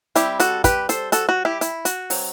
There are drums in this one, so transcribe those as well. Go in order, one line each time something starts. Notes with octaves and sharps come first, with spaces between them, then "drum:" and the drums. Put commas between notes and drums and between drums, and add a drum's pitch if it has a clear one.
G3 C4 E4 G4, drum: hi-hat
F#4 A4, drum: hi-hat
G4 B4, drum: kick, hi-hat
A4 C5, drum: hi-hat
F#4 A4, drum: hi-hat
F#4
E4 G4
E4, drum: hi-hat
F#4, drum: hi-hat
F#3 C4, drum: open hi-hat